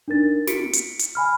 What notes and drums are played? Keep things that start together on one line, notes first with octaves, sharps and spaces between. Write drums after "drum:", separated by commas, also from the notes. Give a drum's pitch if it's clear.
D4 D#4 A#4 A6
B6 C#7 D7, drum: snare
drum: hi-hat
drum: hi-hat
G#5 B5 F6